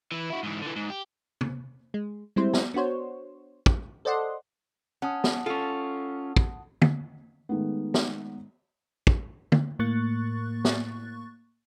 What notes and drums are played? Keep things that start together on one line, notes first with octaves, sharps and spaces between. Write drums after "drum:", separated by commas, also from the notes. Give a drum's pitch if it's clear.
E3 E4
E4 F#4
G#2 E3
D3 E3
G#2
G4
drum: tom
G#3
G3 G#3 C4 E4 C5
drum: snare
B3 D4 F#4 C5 C#5
drum: kick
A4 C5 D5 D#5 F#5 C6
C#4 F#5 A5 D#6
drum: snare
C#4 F4 A4
drum: kick
drum: tom
D#3 G#3 A3 B3
drum: snare
drum: kick
drum: tom
A2 A#3 C#6 F#6 A6
drum: snare